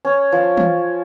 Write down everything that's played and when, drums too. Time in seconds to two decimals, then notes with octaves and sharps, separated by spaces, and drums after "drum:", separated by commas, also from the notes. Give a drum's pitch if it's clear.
0.05 C#4
0.32 F3
0.57 drum: tom E3